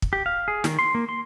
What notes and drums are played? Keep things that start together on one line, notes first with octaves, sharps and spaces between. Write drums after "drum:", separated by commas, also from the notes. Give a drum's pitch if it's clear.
drum: kick
G4
F5
G#4
D#3, drum: snare
C6
A#3
C6